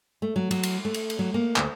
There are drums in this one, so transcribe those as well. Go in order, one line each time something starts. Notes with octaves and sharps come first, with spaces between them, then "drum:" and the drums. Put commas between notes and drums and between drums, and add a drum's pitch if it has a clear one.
A3
F#3
F#3, drum: cymbal
drum: cymbal
A3
drum: cymbal
drum: cymbal
F#3
A#3
D2, drum: clap